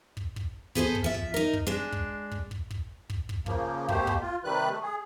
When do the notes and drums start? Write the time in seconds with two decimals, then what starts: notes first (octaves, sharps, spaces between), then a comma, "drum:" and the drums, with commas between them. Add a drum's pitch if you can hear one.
0.17 drum: kick
0.36 drum: kick
0.75 B3 G#4 A4 C5, drum: kick
0.95 drum: kick
1.04 F3 E5
1.14 drum: kick
1.34 D#4 A#4
1.53 drum: kick
1.67 G#3 D4
1.92 drum: kick
2.31 drum: kick
2.51 drum: kick
2.71 drum: kick
3.10 drum: kick
3.29 drum: kick
3.46 C#3 F3 A#3, drum: kick
3.88 B2 A3 A#3 G4 C5, drum: kick
4.07 drum: kick
4.21 F4
4.44 C3 D#3 G3 B4 F#6
4.70 A3
4.82 G#4